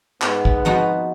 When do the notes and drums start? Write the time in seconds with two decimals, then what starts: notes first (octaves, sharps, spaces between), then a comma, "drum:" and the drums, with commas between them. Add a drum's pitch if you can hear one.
0.22 G#2 B3, drum: clap
0.45 drum: kick
0.65 F3 D#4 F#4